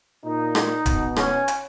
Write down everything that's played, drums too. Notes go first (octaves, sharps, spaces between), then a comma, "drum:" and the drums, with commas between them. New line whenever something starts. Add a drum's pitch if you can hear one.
A#2 D#4
drum: rim click
B2, drum: kick D1, hi-hat
C#4, drum: rim click
drum: hi-hat